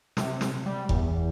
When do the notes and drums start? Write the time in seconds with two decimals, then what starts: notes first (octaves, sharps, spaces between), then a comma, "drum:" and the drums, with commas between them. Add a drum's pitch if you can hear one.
0.17 C3, drum: snare
0.41 drum: snare
0.66 G3
0.89 E2, drum: kick F1